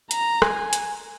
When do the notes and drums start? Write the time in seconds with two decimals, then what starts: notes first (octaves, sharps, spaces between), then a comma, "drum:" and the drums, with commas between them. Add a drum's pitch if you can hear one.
0.11 A#5, drum: hi-hat
0.42 G#5, drum: rim click
0.73 drum: hi-hat